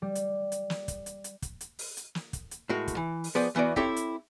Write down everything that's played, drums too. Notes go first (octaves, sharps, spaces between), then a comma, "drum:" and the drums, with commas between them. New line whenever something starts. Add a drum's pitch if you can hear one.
G3
drum: hi-hat
drum: hi-hat
drum: snare
drum: kick, hi-hat
drum: hi-hat
drum: hi-hat
drum: kick, hi-hat
drum: hi-hat
drum: open hi-hat
drum: hi-hat
drum: snare
drum: kick, hi-hat
drum: hi-hat
A2 G#3 F#4 A#4
drum: kick, hi-hat
E3
drum: open hi-hat
F3 B3 G#4 C5 D5
E2 E3 B3 F#4 D5
C4 E4 G4 A4 C#5 E5, drum: kick
drum: hi-hat